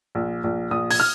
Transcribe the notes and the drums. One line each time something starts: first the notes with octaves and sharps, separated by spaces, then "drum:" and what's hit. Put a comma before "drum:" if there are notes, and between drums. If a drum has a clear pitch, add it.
A#1
A#1
A#1 D#6
G#6, drum: open hi-hat
F6